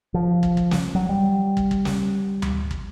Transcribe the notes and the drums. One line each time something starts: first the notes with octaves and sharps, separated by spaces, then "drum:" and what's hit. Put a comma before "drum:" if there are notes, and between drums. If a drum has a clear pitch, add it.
F3
drum: kick
drum: kick
drum: snare
F#3
G3
drum: kick
drum: kick
drum: snare
drum: tom D2
drum: kick